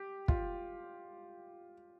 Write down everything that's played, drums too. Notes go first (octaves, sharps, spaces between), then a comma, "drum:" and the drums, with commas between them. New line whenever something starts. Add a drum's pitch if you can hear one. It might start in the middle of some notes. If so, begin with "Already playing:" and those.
Already playing: G4
F4, drum: kick